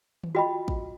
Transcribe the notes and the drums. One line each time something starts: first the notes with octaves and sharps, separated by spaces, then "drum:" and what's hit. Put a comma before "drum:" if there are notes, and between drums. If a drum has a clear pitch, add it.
drum: tom D#3
F4 F#4 D#5 G5 B5
drum: kick